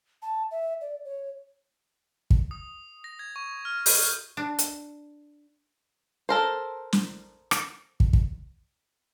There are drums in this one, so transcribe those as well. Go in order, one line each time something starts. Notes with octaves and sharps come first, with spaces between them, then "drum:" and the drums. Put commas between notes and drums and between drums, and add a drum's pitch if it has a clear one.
A5
E5
D5
C#5
drum: kick
D#6
A#6
G#6
C#6
F6
G6, drum: open hi-hat
D4
drum: hi-hat
A4 A#4 C5
drum: snare
drum: rim click
drum: kick
drum: kick